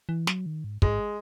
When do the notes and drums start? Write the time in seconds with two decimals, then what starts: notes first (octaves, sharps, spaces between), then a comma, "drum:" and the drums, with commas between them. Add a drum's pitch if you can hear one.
0.09 E3
0.27 F#3, drum: snare
0.46 D#3
0.64 G#2
0.82 G#2 G#3, drum: kick